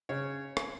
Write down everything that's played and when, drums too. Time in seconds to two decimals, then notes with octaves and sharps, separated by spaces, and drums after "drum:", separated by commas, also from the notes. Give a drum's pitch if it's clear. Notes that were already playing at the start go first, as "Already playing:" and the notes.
0.09 C#3 C#5
0.57 drum: rim click